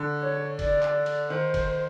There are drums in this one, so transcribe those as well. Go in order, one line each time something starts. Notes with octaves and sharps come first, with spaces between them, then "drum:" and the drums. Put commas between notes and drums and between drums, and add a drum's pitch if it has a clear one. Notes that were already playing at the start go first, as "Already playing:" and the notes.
Already playing: D3
C#5
D5, drum: kick, cymbal
drum: clap
drum: cymbal
D#3 C5
drum: kick, cymbal